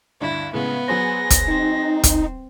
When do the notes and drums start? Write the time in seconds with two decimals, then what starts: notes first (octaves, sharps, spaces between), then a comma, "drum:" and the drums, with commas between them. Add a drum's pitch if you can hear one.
0.21 D2 G2 D4 E4
0.53 A2 C#3 G#3 B3
0.88 F#3 G#4 C5 A#6
1.30 drum: kick, hi-hat
1.47 C4 D#4
2.03 drum: kick, hi-hat